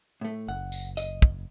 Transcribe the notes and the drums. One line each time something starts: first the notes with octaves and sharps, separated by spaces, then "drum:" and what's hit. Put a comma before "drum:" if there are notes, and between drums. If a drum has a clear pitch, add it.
A2 A3
F#1 F#5
drum: tambourine
D#5, drum: tambourine
drum: kick